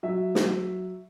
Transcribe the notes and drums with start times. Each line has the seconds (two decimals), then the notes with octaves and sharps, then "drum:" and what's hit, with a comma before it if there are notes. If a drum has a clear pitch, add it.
0.03 F#3 E5
0.35 drum: snare